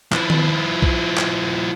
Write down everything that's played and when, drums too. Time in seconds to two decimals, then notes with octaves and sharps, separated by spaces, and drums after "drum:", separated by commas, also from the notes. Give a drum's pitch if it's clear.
0.12 F3 E4, drum: clap
0.30 drum: tom D#3
0.82 drum: kick B1
1.17 drum: clap